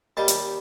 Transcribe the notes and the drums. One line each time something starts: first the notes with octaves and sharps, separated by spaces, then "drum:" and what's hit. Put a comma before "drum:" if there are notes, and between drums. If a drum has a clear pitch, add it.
D#2 D#3 G3 A5
drum: hi-hat